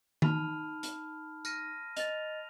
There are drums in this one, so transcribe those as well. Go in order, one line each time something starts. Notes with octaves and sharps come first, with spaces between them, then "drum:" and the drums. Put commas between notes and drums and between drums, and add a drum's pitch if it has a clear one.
D#4 A5 B5 F6, drum: tom D#3
drum: hi-hat
F6 A#6 D#7, drum: tambourine
D#5 A6 F7, drum: hi-hat